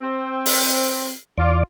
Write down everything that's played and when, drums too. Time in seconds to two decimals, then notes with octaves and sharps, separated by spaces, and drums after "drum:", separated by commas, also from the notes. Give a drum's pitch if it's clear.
0.01 C4
0.46 drum: open hi-hat
1.38 E2 F4 D5